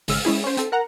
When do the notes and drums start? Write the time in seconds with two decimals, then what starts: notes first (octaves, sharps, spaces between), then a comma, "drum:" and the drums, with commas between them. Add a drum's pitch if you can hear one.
0.08 G#1 C#3 G#3 E6 F6, drum: open hi-hat
0.25 G#3 C#4 E4 G#4
0.44 C#4 C5
0.57 C4 A4, drum: hi-hat
0.72 A#4 F#5 A#5